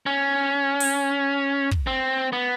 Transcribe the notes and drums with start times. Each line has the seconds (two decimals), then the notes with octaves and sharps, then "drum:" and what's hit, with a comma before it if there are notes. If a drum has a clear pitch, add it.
0.06 C#4
0.80 drum: open hi-hat
1.71 drum: kick
1.87 C4
2.33 B3